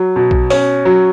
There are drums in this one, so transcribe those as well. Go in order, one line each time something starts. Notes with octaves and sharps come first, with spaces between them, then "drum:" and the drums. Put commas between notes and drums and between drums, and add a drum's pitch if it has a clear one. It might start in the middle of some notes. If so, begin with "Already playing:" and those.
Already playing: F#3
B2
drum: kick A#1
C#4, drum: open hi-hat
F#3